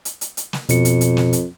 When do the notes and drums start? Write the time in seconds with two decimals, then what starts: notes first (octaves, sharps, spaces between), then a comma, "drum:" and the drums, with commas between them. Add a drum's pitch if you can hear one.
0.05 drum: hi-hat
0.21 drum: hi-hat
0.37 drum: hi-hat
0.53 drum: snare
0.69 F2 B2 C#7, drum: hi-hat
0.85 drum: hi-hat
1.01 drum: hi-hat
1.17 drum: snare
1.33 drum: hi-hat